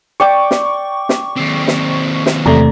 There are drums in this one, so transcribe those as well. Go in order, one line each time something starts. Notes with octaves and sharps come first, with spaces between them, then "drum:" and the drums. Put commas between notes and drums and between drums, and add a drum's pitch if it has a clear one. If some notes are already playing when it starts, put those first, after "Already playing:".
D5 G5 C#6 D6
drum: snare
drum: snare
D#2 C4
drum: snare
drum: snare
E2 C3 A3 D5 A#5